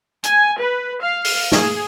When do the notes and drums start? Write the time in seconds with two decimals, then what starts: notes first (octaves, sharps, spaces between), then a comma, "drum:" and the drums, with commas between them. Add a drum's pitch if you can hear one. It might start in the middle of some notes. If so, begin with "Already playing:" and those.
0.24 G#5, drum: hi-hat
0.61 B4
1.01 F5
1.24 drum: open hi-hat
1.52 G#4, drum: snare